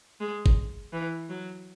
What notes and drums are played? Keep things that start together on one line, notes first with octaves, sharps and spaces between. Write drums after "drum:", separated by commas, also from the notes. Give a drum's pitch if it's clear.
G#3
drum: kick G1
E3
F#3